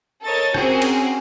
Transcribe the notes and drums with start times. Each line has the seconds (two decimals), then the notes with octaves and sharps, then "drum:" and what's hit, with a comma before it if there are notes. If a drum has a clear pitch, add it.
0.22 A4 A#4 C#5 D#5 A6
0.54 C4 C#4 F#4 G#4 A#4 C5, drum: rim click
0.82 drum: cymbal